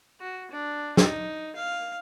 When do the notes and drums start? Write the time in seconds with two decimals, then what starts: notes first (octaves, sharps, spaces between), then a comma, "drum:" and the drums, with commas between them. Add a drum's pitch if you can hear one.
0.21 F#4
0.51 D4
0.97 D#4, drum: snare
1.56 F5